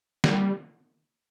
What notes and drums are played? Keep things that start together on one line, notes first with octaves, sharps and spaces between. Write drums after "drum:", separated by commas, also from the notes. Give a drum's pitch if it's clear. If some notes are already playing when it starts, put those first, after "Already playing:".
G3, drum: snare